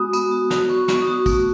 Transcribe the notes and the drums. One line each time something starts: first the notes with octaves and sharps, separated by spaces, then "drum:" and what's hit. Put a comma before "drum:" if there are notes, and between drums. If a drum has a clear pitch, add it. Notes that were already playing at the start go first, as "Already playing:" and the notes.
Already playing: G#3 B3 F#4 D#6
B3, drum: tambourine
F#4
F#4, drum: snare
B3 C#6
B3 C#6, drum: snare
D#6
F#4 C#6
A3, drum: kick, tambourine
C#6